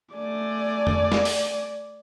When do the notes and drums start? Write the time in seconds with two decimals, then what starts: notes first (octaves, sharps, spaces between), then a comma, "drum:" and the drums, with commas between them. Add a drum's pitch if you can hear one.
0.15 A3 D5 G#5
0.87 drum: tom F2
1.12 drum: snare
1.25 drum: open hi-hat